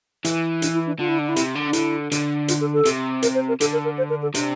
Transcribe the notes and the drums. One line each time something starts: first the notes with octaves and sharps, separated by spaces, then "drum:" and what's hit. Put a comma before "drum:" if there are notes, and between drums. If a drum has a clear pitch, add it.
E3, drum: hi-hat
D4, drum: hi-hat
E4
D4
D3 F4
E4
D4
E4
C3, drum: hi-hat
D3
D4
D3 E4, drum: hi-hat
D3, drum: hi-hat
F4, drum: hi-hat
A4
A4
C3, drum: hi-hat
A#4, drum: hi-hat
C5
A#4
D3 A4, drum: hi-hat
A#4
A#4
C5
A#4
A4
C3 D4, drum: hi-hat